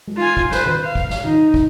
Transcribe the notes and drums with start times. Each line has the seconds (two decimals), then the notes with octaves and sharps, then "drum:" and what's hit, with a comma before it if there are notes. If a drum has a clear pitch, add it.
0.08 drum: tom G#3
0.17 F4 G#5
0.37 drum: kick
0.51 B4 C5, drum: snare
0.66 drum: tom D#3
0.84 F5
0.95 drum: kick
1.10 drum: snare
1.25 D#4, drum: tom D#3
1.54 drum: kick